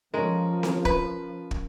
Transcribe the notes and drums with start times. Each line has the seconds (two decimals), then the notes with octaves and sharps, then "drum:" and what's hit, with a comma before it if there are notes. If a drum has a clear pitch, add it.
0.14 F3 G#3 C#4 A#4
0.63 drum: snare C4
0.85 B4, drum: kick
1.51 drum: kick